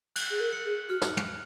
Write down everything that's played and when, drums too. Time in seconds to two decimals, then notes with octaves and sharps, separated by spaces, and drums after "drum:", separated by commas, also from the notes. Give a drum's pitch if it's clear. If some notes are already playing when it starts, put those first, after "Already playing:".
0.16 F#6, drum: cymbal
0.31 G#4
0.40 A#4
0.53 C#7 F#7
0.65 G#4
0.89 F#4 F6
1.02 drum: snare
1.17 drum: tom